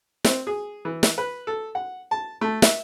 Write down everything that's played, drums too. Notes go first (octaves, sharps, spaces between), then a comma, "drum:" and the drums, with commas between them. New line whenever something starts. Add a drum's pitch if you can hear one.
C4, drum: snare
G#4
E3
drum: snare
B4
A4
F#5
A5
A3
E5, drum: snare